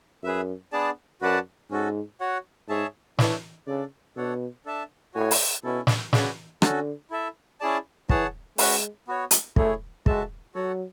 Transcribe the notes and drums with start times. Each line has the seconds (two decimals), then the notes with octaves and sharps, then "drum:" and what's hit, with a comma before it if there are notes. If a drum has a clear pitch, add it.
0.23 F#2 G#4 B4 E5
0.72 B3 D4 G#4 D5 A5
1.21 F#2 F#4 B4 D5 F#5 A5
1.71 G#2 C#4 F#4 A4
2.20 F#4 C#5 F#5
2.69 G#2 G#4 C#5 E5 A5
3.19 E3 D4 A4 C#5 E5 A5, drum: snare
3.67 C#3 D4 A4 D5
4.16 B2 D4 A4 C#5 F#5
4.66 D4 A4 E5 A5
5.14 A2 F#4 C#5 G#5
5.31 drum: open hi-hat
5.63 B2 C#4 E4 A4
5.87 drum: snare
6.13 C#3 F#4 B4 D5 G#5, drum: snare
6.62 D3 C#4 F#4 A4, drum: rim click
7.11 E4 A4 E5
7.60 C#4 E4 G#4 D5 A5
8.09 E3 G#4 C#5 F#5 A5, drum: kick
8.58 G#3 C#4 F#4 B4 F#5, drum: open hi-hat
9.08 B3 F#4 C#5
9.31 drum: hi-hat
9.56 A3 E4 G#4 C#5, drum: kick
10.06 G#3 F#4 A4 E5 A5, drum: kick
10.54 F#3 F#4 A4 C#5 F#5